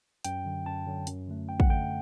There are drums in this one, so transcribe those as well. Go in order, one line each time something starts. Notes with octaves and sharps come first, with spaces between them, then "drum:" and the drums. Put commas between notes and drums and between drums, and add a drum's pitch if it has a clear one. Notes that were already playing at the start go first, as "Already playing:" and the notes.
F#2 G5, drum: hi-hat
D3 F#3
F#2 A5
D3 F#3
F#2, drum: hi-hat
D3 A3
F#2 G5
F#5, drum: kick
D3 A3 G5